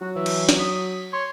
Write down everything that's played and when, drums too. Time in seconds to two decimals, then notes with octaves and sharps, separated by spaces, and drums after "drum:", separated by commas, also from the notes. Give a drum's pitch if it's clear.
0.01 F#3 F#4
0.16 E3 E5
0.26 drum: cymbal
0.49 drum: snare
0.59 D#6 B6
1.13 C#5 C6